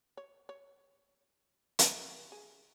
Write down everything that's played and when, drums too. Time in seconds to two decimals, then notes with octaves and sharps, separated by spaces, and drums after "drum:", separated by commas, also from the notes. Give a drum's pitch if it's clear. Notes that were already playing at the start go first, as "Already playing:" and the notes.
0.17 C#5
0.49 C#5
1.79 drum: hi-hat
2.32 G#4